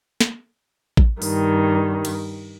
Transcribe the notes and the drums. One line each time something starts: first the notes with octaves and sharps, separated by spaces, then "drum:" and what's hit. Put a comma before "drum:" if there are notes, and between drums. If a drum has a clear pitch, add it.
drum: snare
drum: kick A1
G2 D#3, drum: open hi-hat
drum: cymbal